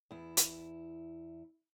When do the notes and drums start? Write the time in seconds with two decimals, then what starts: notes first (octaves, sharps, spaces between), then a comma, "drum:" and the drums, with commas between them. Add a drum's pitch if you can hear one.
0.11 E2 E4
0.37 drum: hi-hat